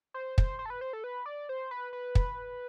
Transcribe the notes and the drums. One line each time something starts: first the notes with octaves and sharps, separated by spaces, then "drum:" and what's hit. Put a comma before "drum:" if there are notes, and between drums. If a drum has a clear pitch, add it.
C5
C5, drum: kick
C5
A4
B4
C5
A4
B4
D5
C5
B4
B4
drum: kick